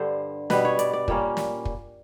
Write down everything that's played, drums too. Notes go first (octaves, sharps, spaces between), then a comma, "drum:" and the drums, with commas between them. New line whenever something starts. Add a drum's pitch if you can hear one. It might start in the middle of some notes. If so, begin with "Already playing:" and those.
Already playing: G2 D3 G3 C5
B2 G3 B3 B4, drum: snare
C#5
D5, drum: hi-hat
D5
A#2 G3 A#3 C#4, drum: kick
drum: snare
drum: kick